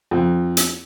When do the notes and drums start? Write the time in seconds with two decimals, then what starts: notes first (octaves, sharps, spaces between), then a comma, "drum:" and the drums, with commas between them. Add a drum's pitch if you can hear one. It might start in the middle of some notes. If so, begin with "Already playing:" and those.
0.11 F2
0.57 drum: hi-hat